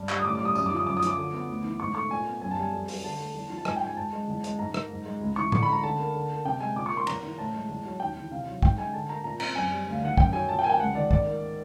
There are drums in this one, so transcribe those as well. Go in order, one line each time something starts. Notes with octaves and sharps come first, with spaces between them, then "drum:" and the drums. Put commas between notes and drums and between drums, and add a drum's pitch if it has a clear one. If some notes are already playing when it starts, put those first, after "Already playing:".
Already playing: G2
G3, drum: clap
D#6
A2 D6
D6
G3 D#6
F#2 D#6, drum: tambourine
F3 D6
D#6
F#2 D6
D#6
F3 D6, drum: hi-hat
D3
B3
D2
E3
G#2 C#6
A3 C#6
A#2 G#5
B3
F#2 G#5
A5
G3 G#5
F2
F#3, drum: open hi-hat
D3 A5
A3
E2
F3
A5
G#2 G#5, drum: rim click
G#3 G5
G#5
G#2 A5
G#3
E2
G#3, drum: hi-hat
G#2 A#5
A#3, drum: rim click
G#2
G#3
C#2
E3 C#6
D3 C#6, drum: tom A2
B5
G#3 A#5
D3 A5
A#3
D3
A#3
C3 G5
G#3 G#5
A#2 D6
C#6
A#3
C6
E2 A#5, drum: cymbal
E3
A2 A5
G#3
E2
F#3
D#2 G5
E3
C3 F5
F#3
G#2 G5, drum: kick
G#3 G#5
D3 A5
A#3 A#5
A#2 A#5
C4 A#5, drum: cymbal
F#2 G#5
G3
D2 F5
D#3 F#5
F#2 G5, drum: kick
F#3 G#5
A#2 A5
G5
A#3 G#5
G5
C#2 F#5
D#3 D5
G#2 D5, drum: kick
A#3